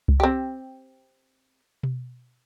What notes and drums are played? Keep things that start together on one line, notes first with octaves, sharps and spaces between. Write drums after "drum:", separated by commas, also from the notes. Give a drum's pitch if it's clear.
drum: kick C2
C4 G4
drum: tom B2